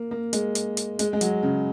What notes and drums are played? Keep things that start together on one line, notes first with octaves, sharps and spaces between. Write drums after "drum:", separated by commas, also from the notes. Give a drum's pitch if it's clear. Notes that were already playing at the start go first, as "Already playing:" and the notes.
Already playing: A#3
A#3
G#3, drum: hi-hat
drum: hi-hat
drum: hi-hat
G#3, drum: hi-hat
G#3
F#3, drum: hi-hat
C#3